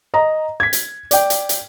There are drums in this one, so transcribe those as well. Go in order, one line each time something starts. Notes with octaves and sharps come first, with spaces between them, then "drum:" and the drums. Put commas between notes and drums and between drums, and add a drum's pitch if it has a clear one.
D#5 A#5
G#6 B6
drum: hi-hat
D5 G5, drum: hi-hat
drum: hi-hat
drum: hi-hat